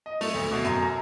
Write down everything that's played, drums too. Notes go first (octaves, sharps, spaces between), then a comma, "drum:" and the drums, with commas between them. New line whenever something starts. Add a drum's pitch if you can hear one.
D#5
A3, drum: open hi-hat
D2
B2
F#2, drum: hi-hat
A#5